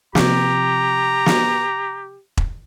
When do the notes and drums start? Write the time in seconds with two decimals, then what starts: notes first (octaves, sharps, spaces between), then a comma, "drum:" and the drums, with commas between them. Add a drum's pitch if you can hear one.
0.15 C3 F3 G4 A#5, drum: snare
1.26 drum: snare
2.37 drum: kick E1